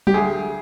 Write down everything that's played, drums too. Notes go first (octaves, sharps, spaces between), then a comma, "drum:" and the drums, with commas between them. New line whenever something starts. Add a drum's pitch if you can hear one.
G4, drum: tom F#3
D2 G#4